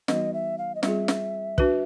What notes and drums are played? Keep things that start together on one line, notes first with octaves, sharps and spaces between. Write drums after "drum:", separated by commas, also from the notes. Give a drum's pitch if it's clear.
E3 G3 B3 D#4 F#4 D#5, drum: snare
E5
F5
D#5
G3 C4 F4 G#4 E5, drum: snare
drum: snare
D4 F#4 B4, drum: kick